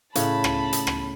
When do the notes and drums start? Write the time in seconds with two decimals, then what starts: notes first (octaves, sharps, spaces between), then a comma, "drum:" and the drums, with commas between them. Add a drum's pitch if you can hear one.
0.15 A2 C#3 C#5 A5 B5, drum: hi-hat
0.44 drum: rim click
0.73 drum: hi-hat
0.87 drum: rim click